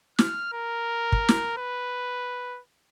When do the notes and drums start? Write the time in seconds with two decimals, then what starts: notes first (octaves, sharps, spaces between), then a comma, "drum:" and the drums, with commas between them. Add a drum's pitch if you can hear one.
0.19 F6, drum: snare
0.53 A#4
1.12 drum: kick
1.29 drum: snare
1.57 B4